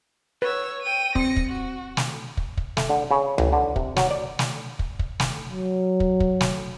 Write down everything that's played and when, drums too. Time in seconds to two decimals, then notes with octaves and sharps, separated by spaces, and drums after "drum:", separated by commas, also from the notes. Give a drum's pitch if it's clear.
0.42 B4 C#5 E6
0.83 G5 D#7
1.15 C4 A#6 C#7, drum: kick
1.37 drum: kick
1.50 F#4
1.97 drum: snare
2.37 drum: kick
2.57 drum: kick
2.77 A3, drum: snare
2.90 D3
3.11 C#3
3.38 A1, drum: tom C#2
3.53 D3
3.76 C3, drum: kick
3.96 F#3, drum: snare
4.11 D5
4.39 drum: snare
4.79 drum: kick
4.99 drum: kick
5.20 drum: snare
5.51 F#3
6.00 drum: kick
6.20 drum: kick
6.41 drum: snare